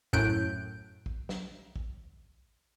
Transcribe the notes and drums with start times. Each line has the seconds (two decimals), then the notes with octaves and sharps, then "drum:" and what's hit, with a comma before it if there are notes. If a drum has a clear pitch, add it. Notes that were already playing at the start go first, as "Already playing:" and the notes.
0.13 F#2 A2 F#6 G6 D7, drum: kick
1.06 drum: kick
1.29 drum: snare
1.76 drum: kick